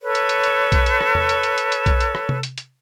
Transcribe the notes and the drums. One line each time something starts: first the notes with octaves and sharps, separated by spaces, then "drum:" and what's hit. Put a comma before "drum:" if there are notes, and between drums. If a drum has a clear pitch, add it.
A4 B4 C#5
drum: hi-hat
drum: hi-hat
drum: hi-hat
drum: kick B1, hi-hat
drum: hi-hat
drum: rim click
drum: tom E2
drum: hi-hat
drum: hi-hat
drum: hi-hat
drum: hi-hat
drum: kick B1, hi-hat
drum: hi-hat
drum: rim click
drum: tom C3
drum: hi-hat
drum: hi-hat